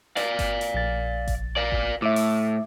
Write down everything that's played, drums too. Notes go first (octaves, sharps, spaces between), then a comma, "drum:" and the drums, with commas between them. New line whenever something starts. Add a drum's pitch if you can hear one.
D5 F5, drum: hi-hat
drum: kick G1, hi-hat
drum: hi-hat
A#1 A6
drum: kick G1, hi-hat
D5 F5
drum: kick G1
A2 E5 D6
drum: open hi-hat